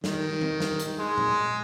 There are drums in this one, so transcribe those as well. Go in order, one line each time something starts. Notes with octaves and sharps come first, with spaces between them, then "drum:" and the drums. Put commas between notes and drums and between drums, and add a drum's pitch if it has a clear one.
D#3, drum: snare
drum: tom D#3
drum: snare
drum: hi-hat
G#3
drum: tom A#2